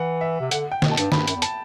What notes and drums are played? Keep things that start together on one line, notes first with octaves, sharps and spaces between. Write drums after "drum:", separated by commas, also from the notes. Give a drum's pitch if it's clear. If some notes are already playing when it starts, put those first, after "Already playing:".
Already playing: E3 F#5
E5
C3
D3 F#5, drum: hi-hat
G5
B2, drum: snare
A5
G2, drum: hi-hat
G2 B5, drum: snare
F#2, drum: hi-hat
E2
A5, drum: hi-hat